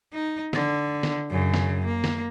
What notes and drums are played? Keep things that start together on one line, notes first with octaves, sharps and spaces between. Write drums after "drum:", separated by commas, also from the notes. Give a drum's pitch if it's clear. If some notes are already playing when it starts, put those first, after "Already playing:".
D#4
D3, drum: snare
drum: snare
F#2 C#3
drum: snare
A#3
drum: snare